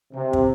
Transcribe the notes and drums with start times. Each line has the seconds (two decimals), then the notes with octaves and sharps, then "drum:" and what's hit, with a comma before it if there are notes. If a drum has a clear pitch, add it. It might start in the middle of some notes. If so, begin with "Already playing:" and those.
0.13 C3
0.33 drum: kick